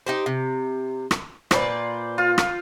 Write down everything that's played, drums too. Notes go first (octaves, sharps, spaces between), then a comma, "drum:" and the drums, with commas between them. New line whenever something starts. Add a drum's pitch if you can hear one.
D#4 G4 C5
C3
drum: rim click
A#2 B4 C5 D5, drum: rim click
F4
drum: rim click